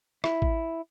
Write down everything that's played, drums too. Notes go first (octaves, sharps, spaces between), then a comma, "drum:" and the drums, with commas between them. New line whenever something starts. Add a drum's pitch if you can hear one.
E4, drum: rim click
drum: kick A1